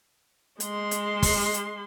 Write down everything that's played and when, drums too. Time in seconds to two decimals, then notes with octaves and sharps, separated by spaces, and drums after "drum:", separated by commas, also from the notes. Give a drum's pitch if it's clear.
0.60 G#3 C6, drum: hi-hat
0.91 drum: hi-hat
1.23 drum: kick, open hi-hat
1.54 drum: hi-hat